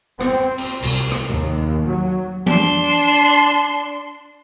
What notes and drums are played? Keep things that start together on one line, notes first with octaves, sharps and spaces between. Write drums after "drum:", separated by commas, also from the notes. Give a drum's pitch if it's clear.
C4, drum: rim click
drum: cymbal
C2, drum: cymbal
drum: rim click
D#2
F#3
D4 C6, drum: tom E3